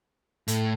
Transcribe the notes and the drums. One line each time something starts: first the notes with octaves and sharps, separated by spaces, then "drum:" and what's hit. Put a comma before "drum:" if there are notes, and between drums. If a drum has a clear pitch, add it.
A2, drum: hi-hat